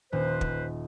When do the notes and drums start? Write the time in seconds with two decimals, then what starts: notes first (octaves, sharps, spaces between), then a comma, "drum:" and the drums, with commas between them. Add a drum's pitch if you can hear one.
0.13 D#1 B4 C5
0.41 drum: kick